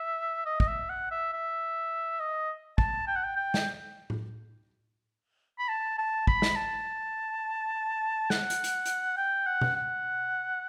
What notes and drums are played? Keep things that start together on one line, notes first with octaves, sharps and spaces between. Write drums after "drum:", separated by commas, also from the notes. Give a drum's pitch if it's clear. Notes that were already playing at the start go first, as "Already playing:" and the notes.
Already playing: E5
D#5
D#5, drum: kick
E5
F#5
E5
E5
D#5
A5, drum: kick
G5
F#5
G5
G5
drum: snare
drum: tom A2
B5
A5
A5
B5, drum: kick
drum: snare
A5
F#5, drum: snare
drum: hi-hat
drum: hi-hat
drum: hi-hat
G5
F#5
drum: tom B2
F#5